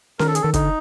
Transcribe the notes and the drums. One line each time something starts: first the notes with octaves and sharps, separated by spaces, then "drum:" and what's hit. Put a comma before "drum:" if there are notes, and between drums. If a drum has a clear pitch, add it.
D#3 A#4, drum: snare C#4
A4
G#4, drum: hi-hat
D#3 A4
D3 D#4, drum: kick, hi-hat